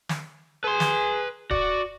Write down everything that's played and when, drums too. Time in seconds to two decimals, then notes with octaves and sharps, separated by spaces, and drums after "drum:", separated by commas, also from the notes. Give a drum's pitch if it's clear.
0.09 drum: snare
0.64 G#4 B4 C6
0.80 drum: snare
1.51 F#4 D5, drum: kick D1